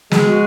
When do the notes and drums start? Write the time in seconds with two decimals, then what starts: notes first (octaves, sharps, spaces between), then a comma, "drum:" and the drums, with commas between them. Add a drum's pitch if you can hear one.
0.12 G#3 F#4, drum: snare
0.26 F#4